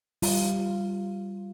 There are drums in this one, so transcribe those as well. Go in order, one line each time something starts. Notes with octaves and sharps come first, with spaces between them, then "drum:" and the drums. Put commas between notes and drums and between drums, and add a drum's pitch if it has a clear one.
G3 F4, drum: open hi-hat